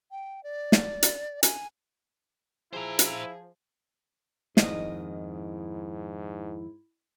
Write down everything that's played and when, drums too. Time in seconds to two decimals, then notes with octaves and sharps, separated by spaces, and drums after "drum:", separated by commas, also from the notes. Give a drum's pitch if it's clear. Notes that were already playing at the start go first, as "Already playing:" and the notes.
0.11 G5
0.43 D5
0.72 drum: snare
1.03 drum: hi-hat
1.43 G#5, drum: hi-hat
2.73 F3 E4 G#4 C5 A#5
2.99 drum: hi-hat
4.57 F2 G#2 D#3 E4 D#5, drum: snare